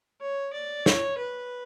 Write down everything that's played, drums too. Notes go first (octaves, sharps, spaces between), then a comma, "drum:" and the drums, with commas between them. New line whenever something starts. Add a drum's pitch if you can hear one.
C#5
D5
C#5, drum: snare
B4